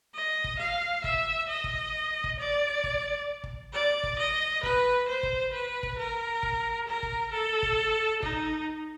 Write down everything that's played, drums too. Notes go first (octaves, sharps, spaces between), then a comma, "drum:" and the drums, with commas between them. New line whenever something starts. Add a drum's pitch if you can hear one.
D#5
drum: kick
F5
E5, drum: kick
D#5
drum: kick
drum: kick
D5
drum: kick
drum: kick
D5
drum: kick
D#5
B4, drum: kick
C5
drum: kick
B4
drum: kick
A#4
drum: kick
A#4
drum: kick
A4
drum: kick
D#4, drum: kick